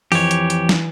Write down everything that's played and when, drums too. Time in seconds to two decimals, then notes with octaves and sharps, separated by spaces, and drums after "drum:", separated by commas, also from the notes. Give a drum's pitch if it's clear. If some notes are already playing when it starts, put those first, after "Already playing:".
0.12 F2 E3 G4 C#5, drum: open hi-hat
0.31 drum: hi-hat
0.50 drum: hi-hat
0.69 drum: snare